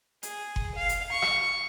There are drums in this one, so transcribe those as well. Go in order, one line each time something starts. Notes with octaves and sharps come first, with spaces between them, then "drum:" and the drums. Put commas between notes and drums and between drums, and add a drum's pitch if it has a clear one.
G#4, drum: hi-hat
drum: kick F#1
F5
drum: hi-hat
C#6
drum: rim click